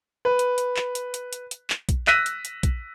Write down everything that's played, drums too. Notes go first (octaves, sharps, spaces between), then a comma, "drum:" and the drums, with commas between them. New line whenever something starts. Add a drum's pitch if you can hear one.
B4
drum: hi-hat
drum: hi-hat
drum: clap
drum: hi-hat
drum: hi-hat
drum: hi-hat
drum: hi-hat
drum: clap
drum: kick, hi-hat
E6 F#6 A#6 B6 D#7, drum: clap
drum: hi-hat
drum: hi-hat
drum: kick, hi-hat